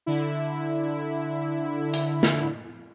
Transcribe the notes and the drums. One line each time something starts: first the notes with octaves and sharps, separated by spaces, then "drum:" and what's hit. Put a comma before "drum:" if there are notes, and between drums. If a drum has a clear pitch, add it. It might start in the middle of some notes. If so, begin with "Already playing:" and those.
D3 E4
drum: hi-hat
drum: snare